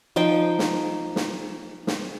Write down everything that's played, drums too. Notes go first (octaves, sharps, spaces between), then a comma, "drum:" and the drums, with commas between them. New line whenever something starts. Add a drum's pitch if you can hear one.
F3 D#4 C5 G5
drum: snare
drum: snare
drum: snare